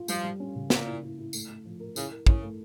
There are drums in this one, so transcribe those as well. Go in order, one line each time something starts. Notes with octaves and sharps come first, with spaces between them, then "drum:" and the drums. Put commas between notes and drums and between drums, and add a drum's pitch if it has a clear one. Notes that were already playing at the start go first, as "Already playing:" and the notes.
Already playing: F4
F3 G3, drum: tambourine
G3
C#4
C#3
A#2 A#3, drum: snare
E4
E4
E4
A3, drum: tambourine
A3
F3
A#4
C#3 E4, drum: tambourine
A#4
C#3 E4, drum: kick
A3